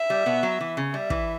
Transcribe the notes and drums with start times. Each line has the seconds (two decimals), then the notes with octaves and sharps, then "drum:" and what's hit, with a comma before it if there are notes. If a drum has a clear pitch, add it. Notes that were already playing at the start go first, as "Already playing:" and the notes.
Already playing: E5
0.10 G3
0.26 B2 B3
0.43 F#3
0.61 E3
0.77 C#3
0.93 G3 E5
1.10 E3, drum: kick